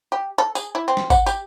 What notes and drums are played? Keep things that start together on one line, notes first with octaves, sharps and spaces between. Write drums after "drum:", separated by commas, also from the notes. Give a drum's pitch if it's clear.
G4
A4
G#4, drum: tambourine
E4
C4
drum: snare
F#5, drum: kick G#1, tambourine
G4, drum: tambourine